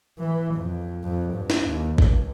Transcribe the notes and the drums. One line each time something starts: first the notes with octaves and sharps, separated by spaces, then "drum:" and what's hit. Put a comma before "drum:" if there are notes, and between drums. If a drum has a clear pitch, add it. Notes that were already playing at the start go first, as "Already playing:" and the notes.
E3
F2
F2
G2
drum: snare
D#2
C#2, drum: kick G#1